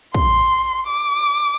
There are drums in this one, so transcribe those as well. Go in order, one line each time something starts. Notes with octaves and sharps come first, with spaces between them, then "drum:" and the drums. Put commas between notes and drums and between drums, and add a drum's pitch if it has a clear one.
C6, drum: kick
D6